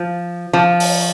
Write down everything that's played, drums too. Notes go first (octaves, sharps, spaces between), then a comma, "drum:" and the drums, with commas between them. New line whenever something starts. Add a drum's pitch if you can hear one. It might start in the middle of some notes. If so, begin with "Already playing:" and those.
Already playing: F3
F3
drum: open hi-hat